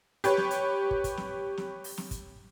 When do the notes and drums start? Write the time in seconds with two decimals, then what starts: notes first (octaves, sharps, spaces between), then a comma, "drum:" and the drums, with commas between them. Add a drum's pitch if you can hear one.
0.24 G4 B4 C#5, drum: hi-hat
0.37 drum: snare
0.51 drum: hi-hat
0.91 drum: kick
1.04 drum: kick, hi-hat
1.17 drum: snare
1.57 drum: snare
1.84 drum: open hi-hat
1.98 drum: snare
2.11 drum: kick, hi-hat